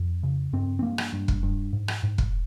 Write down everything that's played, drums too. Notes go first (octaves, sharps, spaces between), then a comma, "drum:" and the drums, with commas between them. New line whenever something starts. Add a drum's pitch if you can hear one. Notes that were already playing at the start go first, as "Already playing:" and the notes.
Already playing: F2
C#3
G2 C4
C4
G2 A#3
drum: rim click
G2
drum: kick
G2
G#2
drum: rim click
G#2
drum: kick